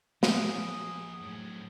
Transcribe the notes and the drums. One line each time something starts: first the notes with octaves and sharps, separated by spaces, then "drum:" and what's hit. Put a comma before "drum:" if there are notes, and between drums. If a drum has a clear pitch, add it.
F3 A#3 G#4, drum: snare
A2 F#3